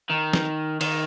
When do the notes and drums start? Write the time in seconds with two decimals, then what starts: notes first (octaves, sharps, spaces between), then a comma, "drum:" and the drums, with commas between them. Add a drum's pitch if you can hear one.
0.10 D#3
0.33 drum: snare
0.81 D#3, drum: cymbal